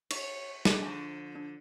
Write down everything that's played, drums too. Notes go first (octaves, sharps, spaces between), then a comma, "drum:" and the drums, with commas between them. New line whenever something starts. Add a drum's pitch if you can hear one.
D#4 C#5, drum: cymbal
D4 G#4, drum: snare
D3 F3 G#5
D4